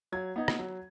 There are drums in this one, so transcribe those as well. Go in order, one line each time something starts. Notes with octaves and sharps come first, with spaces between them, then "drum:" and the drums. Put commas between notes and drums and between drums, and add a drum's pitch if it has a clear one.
F#3 G#6
B3 D#4
drum: rim click
F#3